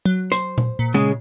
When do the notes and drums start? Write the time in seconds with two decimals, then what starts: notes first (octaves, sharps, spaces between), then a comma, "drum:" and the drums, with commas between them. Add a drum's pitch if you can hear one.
0.06 F#3
0.32 C5, drum: hi-hat
0.58 drum: tom A#2
0.79 A#2
0.94 C#3 G#3